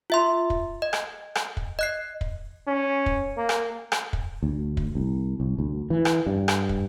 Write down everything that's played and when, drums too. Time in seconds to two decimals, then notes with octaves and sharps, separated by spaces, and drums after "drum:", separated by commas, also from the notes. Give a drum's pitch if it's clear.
0.10 F4 E5 C6
0.50 drum: kick
0.82 D#5
0.93 drum: rim click
1.35 drum: rim click
1.57 drum: kick
1.79 D#5 F#6 C7
2.21 drum: kick
2.67 C#4
3.06 drum: kick
3.37 A#3
3.49 drum: rim click
3.92 drum: rim click
4.13 drum: kick
4.43 D2
4.77 drum: kick
4.95 C2
5.40 C2
5.59 D2
5.90 E3
6.05 drum: rim click
6.27 G2
6.48 drum: rim click
6.69 drum: kick